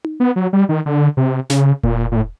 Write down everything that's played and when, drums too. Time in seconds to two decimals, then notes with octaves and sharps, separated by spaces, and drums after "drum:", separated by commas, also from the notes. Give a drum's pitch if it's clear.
0.04 drum: tom D#4
0.20 B3
0.36 F#3
0.53 G3
0.69 D#3
0.86 D3
1.17 C3
1.50 C#3, drum: snare
1.83 A#2, drum: kick E1
2.12 A#2
2.16 A2